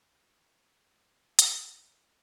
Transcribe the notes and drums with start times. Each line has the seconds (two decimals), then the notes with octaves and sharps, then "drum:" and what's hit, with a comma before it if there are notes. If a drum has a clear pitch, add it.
0.24 G#6
1.03 D#1 B5
1.39 drum: hi-hat